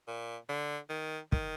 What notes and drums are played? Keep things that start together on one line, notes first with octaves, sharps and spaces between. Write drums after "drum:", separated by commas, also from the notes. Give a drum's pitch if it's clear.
A#2
D3
D#3
D#3, drum: kick